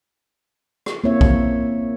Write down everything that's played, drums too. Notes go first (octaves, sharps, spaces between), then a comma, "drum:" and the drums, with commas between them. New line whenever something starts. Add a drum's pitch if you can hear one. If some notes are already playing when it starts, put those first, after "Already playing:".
drum: rim click
A#3 C4 E4 C#5 E5
drum: kick B1